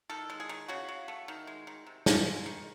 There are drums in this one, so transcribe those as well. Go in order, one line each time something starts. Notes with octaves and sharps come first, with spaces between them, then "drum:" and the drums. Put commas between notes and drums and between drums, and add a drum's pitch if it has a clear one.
D#3 A4
G#3
G#4
D#3
C#3 F#4
C#3
A3
D#3
G#3
D#3
C3
C3, drum: snare
G#3
D#3